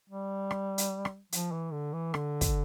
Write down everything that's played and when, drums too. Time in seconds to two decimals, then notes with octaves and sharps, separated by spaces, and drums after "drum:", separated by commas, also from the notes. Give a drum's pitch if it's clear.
0.10 G3
0.51 drum: rim click
0.78 drum: hi-hat
1.05 drum: rim click
1.32 F3, drum: hi-hat
1.52 E3
1.72 D3
1.93 E3
2.14 D3, drum: rim click
2.41 drum: kick, hi-hat